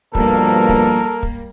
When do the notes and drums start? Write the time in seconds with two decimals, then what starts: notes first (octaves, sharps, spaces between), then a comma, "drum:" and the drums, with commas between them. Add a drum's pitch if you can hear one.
0.15 G2 B2 F3 G3 A#3 A4 A#4, drum: kick
0.69 drum: kick
1.23 drum: kick